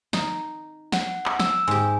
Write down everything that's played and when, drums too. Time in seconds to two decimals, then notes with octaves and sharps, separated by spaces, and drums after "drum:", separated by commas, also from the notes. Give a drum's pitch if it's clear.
0.13 D#4, drum: snare
0.92 F#5, drum: snare
1.26 drum: clap
1.40 E6, drum: snare
1.68 G#2 G4 G#5